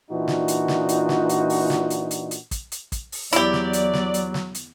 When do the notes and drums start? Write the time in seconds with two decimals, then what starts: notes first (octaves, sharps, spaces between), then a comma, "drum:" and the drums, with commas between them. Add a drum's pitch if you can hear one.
0.11 A#2 E3 D4 D#4 F4 F#4
0.28 drum: snare
0.48 drum: hi-hat
0.68 drum: snare
0.89 drum: hi-hat
1.09 drum: snare
1.29 drum: hi-hat
1.50 drum: open hi-hat
1.70 drum: snare
1.90 drum: hi-hat
2.11 drum: hi-hat
2.31 drum: hi-hat
2.51 drum: kick, hi-hat
2.72 drum: hi-hat
2.92 drum: kick, hi-hat
3.12 drum: open hi-hat
3.33 E2 F#3 E4 G4 D5, drum: hi-hat
3.53 drum: snare
3.73 drum: hi-hat
3.94 drum: snare
4.14 drum: hi-hat
4.34 drum: snare
4.55 drum: hi-hat